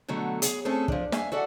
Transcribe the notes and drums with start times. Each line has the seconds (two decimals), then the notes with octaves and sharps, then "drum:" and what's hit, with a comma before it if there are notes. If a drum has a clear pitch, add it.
0.08 B2 D3 F#3 A3
0.42 G#4 C#5, drum: hi-hat
0.65 A3 C4 C#4 G#4 A4
0.88 F3 D4, drum: kick
1.12 E5 F5 G#5, drum: snare
1.32 F#4 A4 D5 F#5